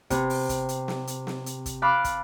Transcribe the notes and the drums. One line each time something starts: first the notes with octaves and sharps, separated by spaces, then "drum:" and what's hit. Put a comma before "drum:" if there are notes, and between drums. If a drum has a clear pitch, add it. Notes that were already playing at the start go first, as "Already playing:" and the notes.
C3 B3, drum: kick, hi-hat
drum: open hi-hat
drum: kick, hi-hat
drum: hi-hat
drum: snare
drum: hi-hat
drum: snare
drum: hi-hat
drum: kick, hi-hat
F5 A5 B5 D6 F6 F#6
drum: kick, hi-hat